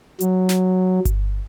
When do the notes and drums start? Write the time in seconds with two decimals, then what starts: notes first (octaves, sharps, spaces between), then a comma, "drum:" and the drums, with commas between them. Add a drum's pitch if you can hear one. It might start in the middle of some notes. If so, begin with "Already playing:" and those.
0.20 F#3, drum: hi-hat
0.49 drum: snare
1.05 drum: kick G1, hi-hat